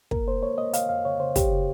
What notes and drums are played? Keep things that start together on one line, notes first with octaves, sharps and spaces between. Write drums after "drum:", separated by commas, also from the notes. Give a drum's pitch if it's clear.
A#3 A#4, drum: kick
A#3 C5
A#3 C#5
A#3 D#5
A#3 F5, drum: hi-hat
F2 F5
C#3 C#5
C#3 C5
F2 G4, drum: kick, hi-hat
C#3